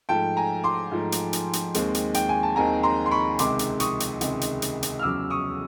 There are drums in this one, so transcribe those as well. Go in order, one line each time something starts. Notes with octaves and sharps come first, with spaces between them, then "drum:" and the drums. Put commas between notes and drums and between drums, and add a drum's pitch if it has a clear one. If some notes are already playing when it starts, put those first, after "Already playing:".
G#2 F3 A3 G5 A5
G#5 A#5
C6 D6
G#2 F3 A3
drum: hi-hat
drum: hi-hat
drum: hi-hat
D#2 D#3 G#3 C4, drum: hi-hat
drum: hi-hat
G5, drum: hi-hat
G#5
A5
D#2 D#3 G#3 C4 G#5 A#5
A#5 C6
C6
B5 C#6
C#2 C3 D#3 G#3 C6 D6, drum: hi-hat
drum: hi-hat
C#6 D#6, drum: hi-hat
drum: hi-hat
C#2 C3 D#3 G#3, drum: hi-hat
drum: hi-hat
drum: hi-hat
drum: hi-hat
F6
E2 C#3 F#3 D6 E6
C#6 D#6